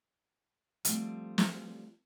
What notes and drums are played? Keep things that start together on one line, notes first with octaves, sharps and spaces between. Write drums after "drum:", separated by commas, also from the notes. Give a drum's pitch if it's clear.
F3 G3 A3 C4, drum: hi-hat
drum: snare